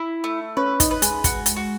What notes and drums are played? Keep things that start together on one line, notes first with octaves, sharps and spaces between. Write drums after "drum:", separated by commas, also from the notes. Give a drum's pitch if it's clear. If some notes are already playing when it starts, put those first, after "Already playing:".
Already playing: E4
A3
C#4 B4
D#4, drum: kick, hi-hat
B4
G#3, drum: hi-hat
F#4, drum: kick, hi-hat
drum: hi-hat
F#4